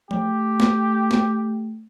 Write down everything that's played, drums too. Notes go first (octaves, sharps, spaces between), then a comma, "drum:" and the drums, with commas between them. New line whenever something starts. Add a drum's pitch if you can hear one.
A3 G4, drum: tom F3
drum: snare
drum: snare